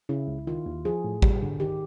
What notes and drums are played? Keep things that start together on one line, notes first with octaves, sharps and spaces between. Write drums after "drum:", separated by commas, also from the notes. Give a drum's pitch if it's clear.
C#3 E4
C#2
D#3 F4
D#2
F3 G#4
A2
G3 G4, drum: kick G#1
D3
D#3 G4